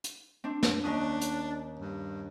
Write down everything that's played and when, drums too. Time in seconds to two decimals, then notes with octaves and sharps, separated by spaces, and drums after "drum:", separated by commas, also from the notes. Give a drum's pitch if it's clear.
0.04 drum: hi-hat
0.44 C4 D4
0.63 drum: snare
0.84 D#2 C#4 D4 D#6
1.21 drum: hi-hat
1.80 G2